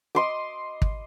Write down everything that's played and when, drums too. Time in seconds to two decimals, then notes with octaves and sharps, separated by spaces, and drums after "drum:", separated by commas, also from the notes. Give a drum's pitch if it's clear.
0.15 D#5 C6 D6
0.82 drum: kick